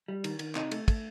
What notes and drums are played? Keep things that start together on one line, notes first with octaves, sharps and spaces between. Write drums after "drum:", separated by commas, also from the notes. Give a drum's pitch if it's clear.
G3
D#3, drum: cymbal
D#3, drum: cymbal
C3 D#4, drum: clap
A3, drum: cymbal
A3, drum: kick, cymbal